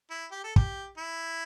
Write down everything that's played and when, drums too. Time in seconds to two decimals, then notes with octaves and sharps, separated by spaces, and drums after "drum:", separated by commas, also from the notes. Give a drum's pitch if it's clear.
0.10 E4
0.31 G4
0.44 A4
0.56 G4, drum: kick
0.98 E4